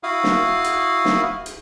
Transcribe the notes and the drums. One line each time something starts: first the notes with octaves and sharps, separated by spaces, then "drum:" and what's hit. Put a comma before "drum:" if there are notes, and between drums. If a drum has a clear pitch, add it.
E4 F#4 F5 D#6
drum: snare
drum: hi-hat
drum: snare
drum: hi-hat